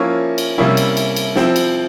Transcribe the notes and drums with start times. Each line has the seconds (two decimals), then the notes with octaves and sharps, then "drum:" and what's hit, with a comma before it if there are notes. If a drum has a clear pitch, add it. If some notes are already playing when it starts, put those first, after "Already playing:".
Already playing: F3 A#3 C#4 E4
0.38 drum: cymbal
0.58 C3 G3 A#3 C#4 E4
0.77 drum: cymbal
0.97 drum: cymbal
1.16 drum: cymbal
1.36 F3 C4 E4, drum: snare
1.56 drum: cymbal